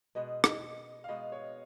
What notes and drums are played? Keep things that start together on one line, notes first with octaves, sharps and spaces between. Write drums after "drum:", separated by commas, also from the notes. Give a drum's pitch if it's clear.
B2 G#3 B3 F#4 D#5
drum: rim click
F5
B2 G#3 B3 F#4 D#5
C#5